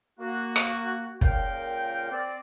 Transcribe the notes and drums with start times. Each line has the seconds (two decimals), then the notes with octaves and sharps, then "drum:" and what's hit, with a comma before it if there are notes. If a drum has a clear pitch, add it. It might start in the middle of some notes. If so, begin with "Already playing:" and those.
0.20 A#3 F#4
0.56 drum: rim click
1.21 C#2 A#2 A#4 F5 G5, drum: kick
2.11 C4 D5